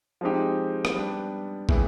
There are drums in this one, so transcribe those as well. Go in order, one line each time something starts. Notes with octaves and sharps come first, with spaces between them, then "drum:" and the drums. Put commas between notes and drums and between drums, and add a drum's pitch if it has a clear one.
F3 G#3 C4 D#4 G4
drum: rim click
G3 B3 D4
A2 E3 G#3 B3, drum: kick